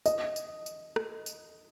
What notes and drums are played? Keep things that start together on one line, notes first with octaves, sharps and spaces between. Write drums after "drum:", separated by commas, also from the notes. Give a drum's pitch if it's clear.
D#5, drum: tambourine
drum: tambourine
drum: tambourine
drum: rim click
drum: tambourine